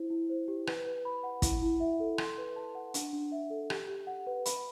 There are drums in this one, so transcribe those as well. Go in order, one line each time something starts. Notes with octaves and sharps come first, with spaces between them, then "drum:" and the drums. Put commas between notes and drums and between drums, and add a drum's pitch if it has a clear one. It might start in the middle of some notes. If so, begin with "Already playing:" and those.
Already playing: E4 C5
E4
C5
G4
B4, drum: rim click
B4
B5
F#5
E4, drum: kick, hi-hat
E4
E5
A4
C6, drum: rim click
B4
A5
F#5
D4, drum: hi-hat
D4
E5
A4
G4, drum: rim click
G4
F#5
B4
B5, drum: hi-hat